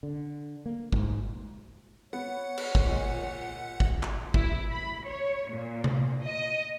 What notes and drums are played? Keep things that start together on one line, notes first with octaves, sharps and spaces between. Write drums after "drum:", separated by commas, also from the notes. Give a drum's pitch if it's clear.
D3
A#3
G#2, drum: kick
B3 C#5 F#5
drum: cymbal
drum: kick
A#2 G#3
drum: kick
drum: clap
E4, drum: kick
B5
C#5
A#2
drum: tom C3
D#5